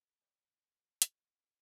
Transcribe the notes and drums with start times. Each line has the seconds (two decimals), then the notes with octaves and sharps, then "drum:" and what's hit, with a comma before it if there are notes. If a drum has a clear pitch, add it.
0.21 G3 C#5 D#5 G5
1.02 drum: hi-hat